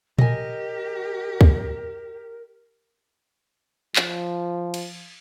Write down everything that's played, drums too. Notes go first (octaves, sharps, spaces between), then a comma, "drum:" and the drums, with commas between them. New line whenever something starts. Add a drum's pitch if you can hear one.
G4 A#4 D#5 G#5, drum: tom A#2
drum: kick
F3, drum: clap
drum: cymbal